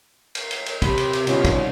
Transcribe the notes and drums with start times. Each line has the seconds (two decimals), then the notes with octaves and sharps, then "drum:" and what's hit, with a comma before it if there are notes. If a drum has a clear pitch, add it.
0.35 drum: cymbal
0.51 drum: cymbal
0.66 drum: cymbal
0.82 C3 G4 B5, drum: kick, cymbal
0.98 drum: cymbal
1.13 drum: cymbal
1.27 C2 B2 D#3 C#4 F4, drum: cymbal
1.45 drum: kick, cymbal